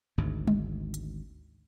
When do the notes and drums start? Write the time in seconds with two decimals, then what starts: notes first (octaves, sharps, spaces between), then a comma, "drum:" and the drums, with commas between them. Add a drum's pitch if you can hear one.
0.18 G#1 D2 G#2
0.47 drum: tom G3
0.94 drum: hi-hat